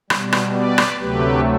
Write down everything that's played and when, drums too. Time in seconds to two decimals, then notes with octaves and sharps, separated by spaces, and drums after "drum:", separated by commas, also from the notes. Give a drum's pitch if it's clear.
0.10 B2 G3, drum: rim click
0.32 drum: rim click
0.55 B4 D5
0.78 drum: rim click
1.00 D2 C3 F#3 A3 G4 B4